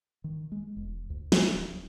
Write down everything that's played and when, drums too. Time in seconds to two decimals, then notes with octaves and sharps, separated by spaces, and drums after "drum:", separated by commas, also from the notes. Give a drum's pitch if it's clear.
0.24 D#3
0.52 G#3
0.76 E1
1.10 D2
1.32 G#3, drum: snare
1.55 D1